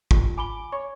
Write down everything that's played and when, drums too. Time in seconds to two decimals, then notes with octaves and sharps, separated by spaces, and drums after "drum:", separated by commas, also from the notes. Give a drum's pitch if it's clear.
0.11 F4, drum: kick
0.38 G#5 B5 D6 G7
0.72 C#5 C#6